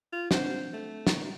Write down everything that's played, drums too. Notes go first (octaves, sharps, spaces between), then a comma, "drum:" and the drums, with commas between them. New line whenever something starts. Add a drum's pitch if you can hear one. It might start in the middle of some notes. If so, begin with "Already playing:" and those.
F4
C4 D4 C5 F#5, drum: snare
A3
drum: snare